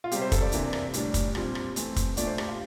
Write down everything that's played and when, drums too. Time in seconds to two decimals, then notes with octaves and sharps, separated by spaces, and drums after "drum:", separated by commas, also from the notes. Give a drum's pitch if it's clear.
0.04 F4
0.11 C3 G3 C4 G4, drum: hi-hat
0.22 C5
0.32 A4, drum: kick, hi-hat
0.42 D5
0.52 C3 E3 A#3 D4, drum: hi-hat
0.73 drum: rim click
0.93 A2 G3 D4, drum: hi-hat
1.14 drum: kick, hi-hat
1.35 A#2 G3 C4, drum: rim click
1.55 drum: rim click
1.76 E3 A3 C4, drum: hi-hat
1.96 drum: kick, hi-hat
2.17 A#2 A3 D4 D5, drum: hi-hat
2.27 C5
2.38 G4, drum: rim click
2.48 F4